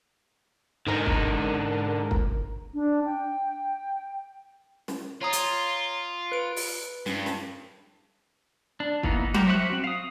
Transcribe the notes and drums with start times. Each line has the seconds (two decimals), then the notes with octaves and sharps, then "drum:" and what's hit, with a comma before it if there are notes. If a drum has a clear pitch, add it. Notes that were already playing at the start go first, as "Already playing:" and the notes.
0.87 G#2 D3 D#4 A#4
1.06 drum: kick
2.11 drum: kick
2.74 D4
3.06 G5
4.88 drum: snare
5.22 F4 C#5 A#5 D#6
5.33 drum: hi-hat
6.32 B4 D7
6.56 drum: open hi-hat
7.06 G2, drum: snare
7.26 drum: snare
8.80 D4
9.03 E3 A#3 B3 D#4, drum: kick
9.34 F#4 G4 A#4, drum: tom F#3
9.47 C5 E5 C#6 D#6 F#6
9.70 C4 F#4
9.84 F5 D#6